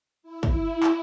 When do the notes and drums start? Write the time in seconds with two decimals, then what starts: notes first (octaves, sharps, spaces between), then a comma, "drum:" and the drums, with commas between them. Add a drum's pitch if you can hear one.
0.23 E4
0.43 drum: kick
0.83 drum: clap